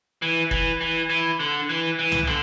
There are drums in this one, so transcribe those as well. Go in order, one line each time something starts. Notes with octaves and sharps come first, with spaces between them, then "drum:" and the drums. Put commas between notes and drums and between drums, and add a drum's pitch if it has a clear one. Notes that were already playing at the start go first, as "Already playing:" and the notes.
E3
E3, drum: kick
E3
E3
D3
E3
E3
drum: tom
D3, drum: rim click